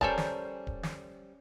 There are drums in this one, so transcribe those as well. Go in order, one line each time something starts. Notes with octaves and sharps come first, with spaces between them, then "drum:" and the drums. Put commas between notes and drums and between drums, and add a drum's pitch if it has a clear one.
G3 C#4 A4 A#4 C5 D5 A5, drum: kick D1
drum: snare
drum: kick D1
drum: snare